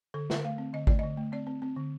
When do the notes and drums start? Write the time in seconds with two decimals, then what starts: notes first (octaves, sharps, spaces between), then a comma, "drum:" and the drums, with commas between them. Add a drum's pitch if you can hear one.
0.14 D3 A4
0.30 D3, drum: snare A#4
0.45 A3 F5
0.58 C4
0.73 D3 D#5
0.87 A3 D5, drum: kick G#1
0.99 D3 D#5
1.17 A3
1.32 C4 D5
1.47 C4
1.62 C4
1.76 D3